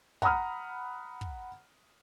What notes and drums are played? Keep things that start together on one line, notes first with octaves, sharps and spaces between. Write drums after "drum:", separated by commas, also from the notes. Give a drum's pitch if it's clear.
F#5 A#5 B5 D#6 F6, drum: kick
drum: kick